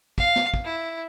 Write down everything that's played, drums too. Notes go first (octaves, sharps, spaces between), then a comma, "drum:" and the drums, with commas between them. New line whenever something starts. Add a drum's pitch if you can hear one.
F5, drum: kick
drum: snare
drum: kick
E4